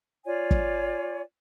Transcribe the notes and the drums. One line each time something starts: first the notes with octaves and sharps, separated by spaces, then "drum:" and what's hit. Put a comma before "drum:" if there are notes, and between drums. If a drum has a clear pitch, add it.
F4 C#5 D5 G#5
drum: kick